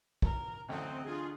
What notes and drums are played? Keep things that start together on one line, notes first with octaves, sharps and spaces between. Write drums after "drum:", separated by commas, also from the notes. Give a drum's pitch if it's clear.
A#4, drum: kick
A1 D2 F#3 C4 D#5
D4 F4 G#4